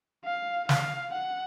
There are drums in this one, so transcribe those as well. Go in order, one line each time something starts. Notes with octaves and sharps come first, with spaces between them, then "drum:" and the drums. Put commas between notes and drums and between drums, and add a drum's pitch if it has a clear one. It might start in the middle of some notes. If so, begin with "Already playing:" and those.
F5
F5, drum: snare
F#5